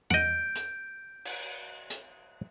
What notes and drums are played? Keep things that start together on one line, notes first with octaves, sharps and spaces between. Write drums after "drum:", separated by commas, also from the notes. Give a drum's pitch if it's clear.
D#5 F#5 G6 D7, drum: tom E2
drum: hi-hat
drum: cymbal
drum: hi-hat